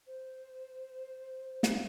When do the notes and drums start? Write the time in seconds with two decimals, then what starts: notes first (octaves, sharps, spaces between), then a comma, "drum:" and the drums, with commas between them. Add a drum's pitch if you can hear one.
0.06 C5
1.63 drum: snare